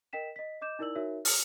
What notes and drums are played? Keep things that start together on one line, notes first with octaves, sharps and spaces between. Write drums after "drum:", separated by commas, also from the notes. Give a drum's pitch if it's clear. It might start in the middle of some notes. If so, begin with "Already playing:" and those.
A#4 D#5 G5 B6 E7
D#5 B6
D#5 D6 G6 E7
D#4 E4 A#4 D5 E6 F#7
D#4 F#4 A#4 C#5 E5
F6, drum: open hi-hat